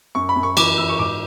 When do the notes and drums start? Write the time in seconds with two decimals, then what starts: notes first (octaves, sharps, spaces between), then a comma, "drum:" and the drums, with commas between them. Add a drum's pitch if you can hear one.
0.15 F#2 C#6
0.29 B5
0.36 F#2
0.43 C#6
0.57 E3 D6, drum: cymbal
0.78 E3 E6
0.89 C#6
0.99 G#2 D6